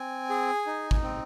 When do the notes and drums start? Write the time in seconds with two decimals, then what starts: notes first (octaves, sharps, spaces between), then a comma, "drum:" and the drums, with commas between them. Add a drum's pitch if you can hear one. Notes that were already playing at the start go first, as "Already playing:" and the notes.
Already playing: C4 G#5
0.30 G#4
0.66 D#4
0.91 drum: kick G#1
1.03 C4